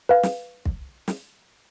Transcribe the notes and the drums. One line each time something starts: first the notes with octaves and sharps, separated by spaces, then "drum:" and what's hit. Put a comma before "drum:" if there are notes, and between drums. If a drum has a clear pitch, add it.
B4 F5
drum: snare
drum: kick
drum: snare